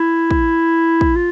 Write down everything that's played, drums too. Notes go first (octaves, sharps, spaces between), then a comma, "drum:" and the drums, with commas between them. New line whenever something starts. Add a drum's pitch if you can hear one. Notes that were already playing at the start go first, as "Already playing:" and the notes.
Already playing: E4
drum: kick
drum: kick
F4